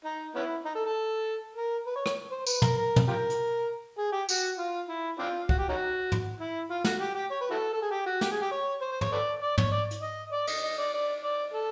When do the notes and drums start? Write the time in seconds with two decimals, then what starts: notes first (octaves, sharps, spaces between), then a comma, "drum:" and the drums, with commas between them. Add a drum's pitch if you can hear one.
0.05 D#4
0.35 B3 C#4 E4
0.65 D#4
0.75 A4
0.86 A4
1.56 A#4
1.86 B4
1.96 C#5
2.06 C#5, drum: rim click
2.31 C5
2.47 B4, drum: tambourine
2.62 A#4, drum: tom
2.77 A#4
2.96 drum: tom
3.08 F4 G4 A#4
3.30 drum: hi-hat
3.98 G#4
4.12 G4
4.29 F#4, drum: tambourine
4.58 F4
4.89 E4
5.19 C4 D4 F4
5.49 F#4, drum: kick
5.58 G4
5.69 C#4 D#4 F#4
6.12 drum: tom
6.40 E4
6.70 F4
6.84 F#4, drum: snare
7.00 G4
7.15 G4
7.31 C#5
7.41 B4
7.50 E4 F#4 A4
7.73 A4
7.82 G#4
7.91 G4
8.06 F#4
8.21 G4, drum: snare
8.31 G#4
8.42 G4
8.51 C#5
8.82 C5
8.92 C5
9.01 C#5, drum: tom
9.12 A4 B4 D5
9.42 D5
9.58 C#5, drum: tom
9.72 D5
9.91 drum: hi-hat
10.02 D#5
10.32 D5
10.47 D#5, drum: cymbal
10.63 D#5
10.78 D5
10.94 D5
11.23 D5
11.54 A4